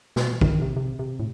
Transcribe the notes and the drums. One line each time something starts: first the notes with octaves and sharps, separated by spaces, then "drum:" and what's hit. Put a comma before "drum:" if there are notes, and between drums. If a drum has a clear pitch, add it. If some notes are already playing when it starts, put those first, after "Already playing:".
B2, drum: snare
D#3, drum: kick
C3
C3
C3
A2